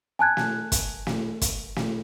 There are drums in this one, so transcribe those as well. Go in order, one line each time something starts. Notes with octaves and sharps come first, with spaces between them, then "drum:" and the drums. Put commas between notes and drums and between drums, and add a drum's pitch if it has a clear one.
G#5 A5 F#6 G#6
drum: snare
drum: kick, hi-hat
drum: snare
drum: kick, hi-hat
drum: snare